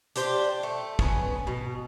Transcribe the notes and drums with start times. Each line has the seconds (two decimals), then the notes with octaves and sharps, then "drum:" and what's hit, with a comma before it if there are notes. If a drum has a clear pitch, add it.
0.16 D4 G4 C5, drum: hi-hat
0.63 A3
0.99 B3 C#4 B4, drum: kick
1.47 B2